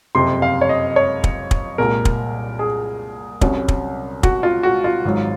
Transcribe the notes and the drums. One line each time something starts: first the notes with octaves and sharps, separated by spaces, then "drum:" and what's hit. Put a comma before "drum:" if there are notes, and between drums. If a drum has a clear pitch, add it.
F#1 F2 C3 C6
F5
C#5
D#5
C#5
drum: kick
drum: kick
C2 A#2 G#3 A#4
drum: kick
G#4
C2 C3 F#3 C#4, drum: kick
drum: kick
F#4, drum: kick
F4
F#4
F4
G#1 G#2 F#3